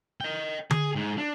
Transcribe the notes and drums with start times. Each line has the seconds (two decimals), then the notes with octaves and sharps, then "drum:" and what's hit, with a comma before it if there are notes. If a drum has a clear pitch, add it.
0.21 D#5 G5
0.71 G#4, drum: tom D3
0.95 G#2
1.18 D4